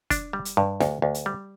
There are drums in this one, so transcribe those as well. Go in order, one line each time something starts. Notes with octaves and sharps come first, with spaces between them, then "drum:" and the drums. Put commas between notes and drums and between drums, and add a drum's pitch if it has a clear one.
D4, drum: kick, hi-hat
G3
drum: hi-hat
G2
D2, drum: snare
D2
drum: hi-hat
G3